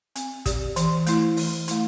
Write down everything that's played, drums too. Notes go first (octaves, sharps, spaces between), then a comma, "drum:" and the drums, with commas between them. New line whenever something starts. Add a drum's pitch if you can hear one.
C4, drum: hi-hat
G4 D5, drum: kick, hi-hat
E3, drum: hi-hat
A3 E4, drum: hi-hat
E3, drum: open hi-hat
A3 E4, drum: hi-hat